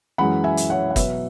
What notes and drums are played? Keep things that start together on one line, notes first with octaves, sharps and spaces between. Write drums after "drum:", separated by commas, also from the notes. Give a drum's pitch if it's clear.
F#2 E3 G#3 F#5 B5
E5 G#5
drum: hi-hat
C#5 F#5
F#5
B2 F#3 B4 E5, drum: kick G1, hi-hat